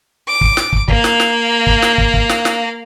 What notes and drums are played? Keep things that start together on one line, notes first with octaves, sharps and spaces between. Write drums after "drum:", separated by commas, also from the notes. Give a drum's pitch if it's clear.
D6
drum: kick
drum: snare
drum: kick
A#3 F5, drum: kick
drum: snare
drum: snare
drum: kick
drum: snare
drum: kick
drum: kick
drum: snare
drum: snare